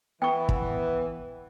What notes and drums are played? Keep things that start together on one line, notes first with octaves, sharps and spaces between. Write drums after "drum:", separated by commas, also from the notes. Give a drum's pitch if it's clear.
E3 B3 G5 C#6
drum: kick